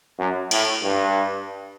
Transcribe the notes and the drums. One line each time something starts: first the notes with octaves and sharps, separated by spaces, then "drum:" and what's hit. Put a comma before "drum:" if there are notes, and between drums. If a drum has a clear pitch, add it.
F#2
A2, drum: cymbal
G2